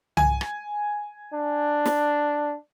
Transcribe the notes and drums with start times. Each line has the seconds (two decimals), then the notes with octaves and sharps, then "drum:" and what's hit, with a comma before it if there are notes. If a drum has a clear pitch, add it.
0.17 G#5, drum: tom C2
0.41 drum: rim click
1.34 D4
1.86 drum: snare